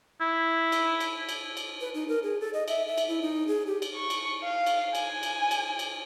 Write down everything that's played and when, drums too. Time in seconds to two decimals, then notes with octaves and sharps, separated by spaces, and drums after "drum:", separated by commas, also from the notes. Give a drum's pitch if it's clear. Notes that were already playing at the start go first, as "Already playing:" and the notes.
0.21 E4
0.72 drum: cymbal
1.00 drum: cymbal
1.29 drum: cymbal
1.57 drum: cymbal
1.81 B4
1.94 D#4
2.08 A#4
2.23 G#4
2.40 A4
2.54 D#5
2.68 E5, drum: cymbal
2.87 E5
2.98 drum: cymbal
3.08 E4
3.22 D#4
3.48 G#4
3.67 G4
3.82 drum: cymbal
3.95 C#6
4.10 drum: cymbal
4.44 F5
4.66 drum: cymbal
4.95 G#5, drum: cymbal
5.23 drum: cymbal
5.51 drum: cymbal
5.79 drum: cymbal